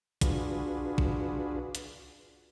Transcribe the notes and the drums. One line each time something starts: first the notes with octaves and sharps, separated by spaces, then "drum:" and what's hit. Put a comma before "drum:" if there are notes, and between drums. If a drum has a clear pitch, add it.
D4 F4 F#4 G#4 B4, drum: kick, hi-hat
drum: kick
drum: hi-hat